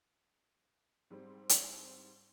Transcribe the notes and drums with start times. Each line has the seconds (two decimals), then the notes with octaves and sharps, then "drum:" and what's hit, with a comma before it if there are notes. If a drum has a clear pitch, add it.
1.11 G#2 G3 C4
1.49 drum: hi-hat